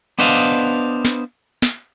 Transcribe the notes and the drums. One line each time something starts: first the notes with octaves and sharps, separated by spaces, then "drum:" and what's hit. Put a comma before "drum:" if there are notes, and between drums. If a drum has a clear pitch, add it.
B3 D4 B4 C5 D#5 F5
drum: snare
drum: snare